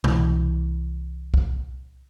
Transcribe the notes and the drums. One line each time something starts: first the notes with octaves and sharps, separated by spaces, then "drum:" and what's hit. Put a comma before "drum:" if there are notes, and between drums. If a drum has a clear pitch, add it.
C2 E3, drum: tom B2
drum: kick B1